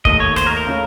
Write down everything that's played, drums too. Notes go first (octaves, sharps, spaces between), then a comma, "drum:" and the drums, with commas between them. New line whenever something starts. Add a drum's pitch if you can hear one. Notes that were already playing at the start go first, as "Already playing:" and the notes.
D#2 D#3 A3 D#5, drum: kick
C#5
C5, drum: rim click
A#4
A#4
C#3 A3 C#4 F4